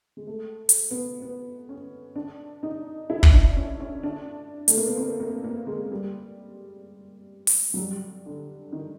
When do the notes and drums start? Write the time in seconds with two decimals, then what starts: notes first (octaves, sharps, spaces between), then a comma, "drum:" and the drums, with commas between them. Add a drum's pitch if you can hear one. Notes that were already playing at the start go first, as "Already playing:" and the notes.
0.17 G#3
0.27 A3
0.69 drum: hi-hat
0.91 B3
1.22 B3
1.69 C#4
2.16 D4
2.63 D#4
3.10 E4
3.23 drum: kick
3.32 D4
3.56 C#4
3.80 C#4
4.03 D4
4.68 A3, drum: hi-hat
4.77 A#3
4.87 B3
4.97 C4
5.20 A#3
5.44 A#3
5.67 G#3
5.91 G3
7.47 drum: open hi-hat
7.74 F#3
7.79 G3
8.26 D3
8.73 D#3